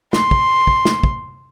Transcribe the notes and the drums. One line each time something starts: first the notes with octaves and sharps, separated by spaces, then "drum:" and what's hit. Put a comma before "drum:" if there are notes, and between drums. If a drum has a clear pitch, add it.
C6, drum: snare
drum: kick
drum: kick
drum: snare
drum: kick